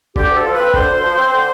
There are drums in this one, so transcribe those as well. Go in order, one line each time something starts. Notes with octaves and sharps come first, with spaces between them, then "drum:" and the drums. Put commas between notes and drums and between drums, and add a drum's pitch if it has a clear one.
D3 G4, drum: kick
D2 A4
F3
B4
C4
D3 C5, drum: kick
D2
F3
C4
D3